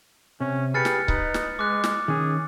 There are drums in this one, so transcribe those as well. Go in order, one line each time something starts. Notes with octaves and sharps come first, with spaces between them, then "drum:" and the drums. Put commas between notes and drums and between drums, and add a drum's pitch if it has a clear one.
C3 C#4
G4 G#4 B4 F6 A6 C#7
drum: snare
D#4 B4, drum: kick C#1
drum: snare
G#3 D6 F#6
drum: snare
D#3 C#4 G#4